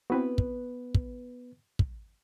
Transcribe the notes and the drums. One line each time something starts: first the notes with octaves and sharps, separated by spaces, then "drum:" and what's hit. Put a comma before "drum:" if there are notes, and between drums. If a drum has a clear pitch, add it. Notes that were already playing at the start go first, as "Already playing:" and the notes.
B3 C4 E4 F#4 B4
drum: kick
drum: kick
drum: kick